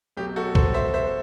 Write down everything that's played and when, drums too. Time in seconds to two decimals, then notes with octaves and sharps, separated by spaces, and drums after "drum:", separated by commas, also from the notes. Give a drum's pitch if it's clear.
0.17 B1 B2 F#3 A3 G4
0.36 F#4 A4
0.55 A4 C5, drum: kick
0.74 C5 E5
0.94 C5 E5